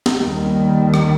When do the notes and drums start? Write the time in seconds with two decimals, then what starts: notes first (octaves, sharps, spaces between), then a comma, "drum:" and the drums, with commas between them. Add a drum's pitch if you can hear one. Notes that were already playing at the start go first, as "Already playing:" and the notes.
0.06 drum: snare
0.18 D#2 D#3 G3
0.94 drum: rim click